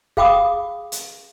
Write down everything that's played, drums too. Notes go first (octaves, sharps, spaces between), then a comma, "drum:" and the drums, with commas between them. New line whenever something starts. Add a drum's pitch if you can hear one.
G#4 F5 G5 B5 D6 D#6, drum: kick
drum: hi-hat